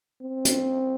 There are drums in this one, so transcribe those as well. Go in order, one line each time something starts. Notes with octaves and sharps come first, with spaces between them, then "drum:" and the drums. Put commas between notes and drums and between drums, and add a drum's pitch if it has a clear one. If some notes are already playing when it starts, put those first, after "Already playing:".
C4
drum: hi-hat